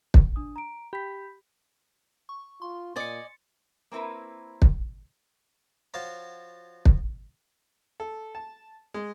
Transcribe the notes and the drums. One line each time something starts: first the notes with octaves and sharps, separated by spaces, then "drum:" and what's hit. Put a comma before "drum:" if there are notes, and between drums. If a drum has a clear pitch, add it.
drum: kick
D4 D#6
A#5 D7
G4 B5 B6
C#6
F4 C6
A#2 D5 D#5 G#5 A6 C#7
A#3 C4 E4 A#4 B4
drum: kick
F3 F#4 C#5 F5 A5
drum: kick
A4
A5
G#3